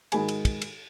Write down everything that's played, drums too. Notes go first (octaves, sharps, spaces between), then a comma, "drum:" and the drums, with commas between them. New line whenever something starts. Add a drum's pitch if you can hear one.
G#2 D#3 F#4 G#4 G#5 B5, drum: cymbal
drum: cymbal
drum: kick, cymbal
drum: cymbal